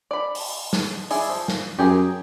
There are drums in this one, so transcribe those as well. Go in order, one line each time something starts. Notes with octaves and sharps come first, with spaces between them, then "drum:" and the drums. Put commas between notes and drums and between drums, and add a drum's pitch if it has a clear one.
D5 B5
drum: open hi-hat
drum: snare
E4 G#4 D5, drum: open hi-hat
F3
drum: snare
F#2 G4 G#4 A#4